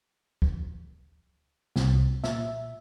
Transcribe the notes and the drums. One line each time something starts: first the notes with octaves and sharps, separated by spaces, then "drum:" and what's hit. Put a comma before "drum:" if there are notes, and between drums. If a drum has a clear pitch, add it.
drum: kick
C2, drum: snare
A#2 E5, drum: snare